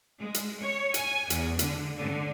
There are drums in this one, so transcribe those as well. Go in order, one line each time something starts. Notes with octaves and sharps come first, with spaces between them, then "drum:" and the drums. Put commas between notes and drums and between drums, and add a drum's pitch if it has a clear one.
G#3
drum: hi-hat
C#5
G#5, drum: hi-hat
E2, drum: hi-hat
D3, drum: hi-hat
D3